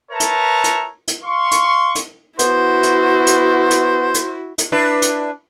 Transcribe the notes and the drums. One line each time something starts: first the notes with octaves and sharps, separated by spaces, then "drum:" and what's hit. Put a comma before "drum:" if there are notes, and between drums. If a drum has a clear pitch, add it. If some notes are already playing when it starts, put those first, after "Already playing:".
A#4 B4 C#5 E5 A5 A#5
drum: hi-hat
drum: hi-hat
drum: hi-hat
F5 C6 C#6
drum: hi-hat
drum: hi-hat
B3 E4 F#4 C5, drum: hi-hat
drum: hi-hat
drum: hi-hat
drum: hi-hat
drum: hi-hat
drum: hi-hat
D4 E4 B4
drum: hi-hat